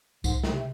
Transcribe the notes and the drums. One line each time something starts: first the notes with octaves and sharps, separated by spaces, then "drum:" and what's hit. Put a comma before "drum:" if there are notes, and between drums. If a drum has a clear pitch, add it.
G#2, drum: kick C2, tambourine
drum: snare
C3